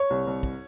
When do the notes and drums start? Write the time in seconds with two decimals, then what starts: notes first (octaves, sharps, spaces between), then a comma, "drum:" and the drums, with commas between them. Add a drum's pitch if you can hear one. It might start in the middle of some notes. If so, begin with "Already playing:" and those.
Already playing: C#5
0.10 C2
0.27 C2
0.43 drum: kick